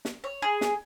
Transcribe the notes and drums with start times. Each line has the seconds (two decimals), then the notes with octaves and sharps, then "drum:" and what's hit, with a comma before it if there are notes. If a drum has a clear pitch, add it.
0.05 drum: snare
0.24 C#5
0.42 G#4
0.61 drum: snare